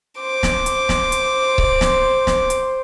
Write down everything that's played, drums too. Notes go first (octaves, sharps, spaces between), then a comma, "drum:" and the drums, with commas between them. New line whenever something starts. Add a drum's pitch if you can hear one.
C5 D6
drum: snare
drum: hi-hat
drum: snare
drum: hi-hat
drum: kick C#1
drum: snare
drum: snare
drum: hi-hat